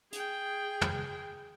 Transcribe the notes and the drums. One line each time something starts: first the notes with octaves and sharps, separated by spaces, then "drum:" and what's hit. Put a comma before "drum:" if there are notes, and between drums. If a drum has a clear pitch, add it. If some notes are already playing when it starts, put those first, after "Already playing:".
G#4 G5, drum: hi-hat
drum: tom